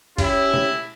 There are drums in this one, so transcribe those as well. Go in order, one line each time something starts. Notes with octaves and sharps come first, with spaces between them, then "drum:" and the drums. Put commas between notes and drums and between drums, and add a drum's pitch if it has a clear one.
C#4 E4 G4, drum: kick, cymbal
drum: tom